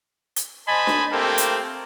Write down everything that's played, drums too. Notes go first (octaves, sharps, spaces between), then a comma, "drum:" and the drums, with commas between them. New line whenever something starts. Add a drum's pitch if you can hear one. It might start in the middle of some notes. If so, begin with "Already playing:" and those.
drum: hi-hat
C5 D#5 G#5 A5 B5
drum: snare D4
A3 A#3 C4 G4 A4
drum: hi-hat